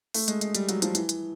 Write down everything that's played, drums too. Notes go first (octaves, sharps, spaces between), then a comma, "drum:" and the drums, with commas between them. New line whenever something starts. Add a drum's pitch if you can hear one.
A3, drum: open hi-hat
G#3, drum: hi-hat
G#3, drum: hi-hat
G3, drum: hi-hat
F#3, drum: hi-hat
F3, drum: hi-hat
E3, drum: hi-hat
drum: hi-hat